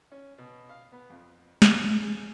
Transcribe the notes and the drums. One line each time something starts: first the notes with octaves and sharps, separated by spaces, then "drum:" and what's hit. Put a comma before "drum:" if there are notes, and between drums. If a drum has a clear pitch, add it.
C#4
B2
F5
B3
F2
F2, drum: snare
G#4